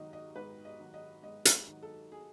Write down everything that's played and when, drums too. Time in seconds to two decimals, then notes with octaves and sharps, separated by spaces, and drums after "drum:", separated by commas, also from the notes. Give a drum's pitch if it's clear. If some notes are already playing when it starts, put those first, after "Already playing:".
Already playing: G#2 D#3 F#3 D#5
0.13 D#5
0.35 G#2 B4
0.65 D#5
0.80 D#3 F#3
0.94 D#5
1.23 G#2 D#5
1.45 drum: hi-hat
1.67 D#3 F#3
1.83 A4
2.12 G#4